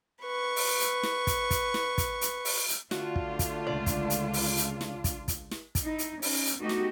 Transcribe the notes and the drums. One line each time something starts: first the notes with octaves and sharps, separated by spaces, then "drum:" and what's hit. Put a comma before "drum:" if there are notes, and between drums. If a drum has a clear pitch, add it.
B4 C#6
drum: open hi-hat
drum: hi-hat
drum: snare
drum: kick, hi-hat
drum: kick, hi-hat
drum: snare
drum: kick, hi-hat
drum: hi-hat
drum: open hi-hat
drum: hi-hat
D3 A3 D4 F4 F#4, drum: snare
drum: kick
drum: kick, hi-hat
C#2 D5
drum: kick, hi-hat
drum: hi-hat
drum: open hi-hat
drum: hi-hat
drum: snare
drum: kick, hi-hat
drum: kick, hi-hat
drum: snare
drum: kick, hi-hat
D#4 E4
drum: hi-hat
C#4 D#4, drum: open hi-hat
drum: hi-hat
A3 B3 D#4 F#4 G4 D#5
drum: snare